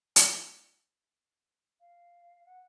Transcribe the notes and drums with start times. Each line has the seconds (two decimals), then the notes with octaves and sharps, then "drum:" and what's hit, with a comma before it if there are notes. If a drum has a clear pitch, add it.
0.16 G#5, drum: hi-hat
1.80 F5
2.45 F#5